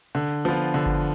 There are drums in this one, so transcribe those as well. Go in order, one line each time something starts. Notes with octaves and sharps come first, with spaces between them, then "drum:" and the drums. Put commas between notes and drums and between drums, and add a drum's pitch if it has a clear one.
D3, drum: cymbal
F3 B3 F4
D3
drum: kick G1